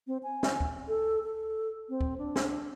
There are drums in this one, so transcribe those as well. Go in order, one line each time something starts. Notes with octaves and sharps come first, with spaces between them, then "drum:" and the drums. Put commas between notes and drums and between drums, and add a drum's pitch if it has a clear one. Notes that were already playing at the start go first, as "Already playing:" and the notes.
C4
G#5
drum: snare
drum: kick D2
A4
A4
C4
drum: kick D2
D4
drum: snare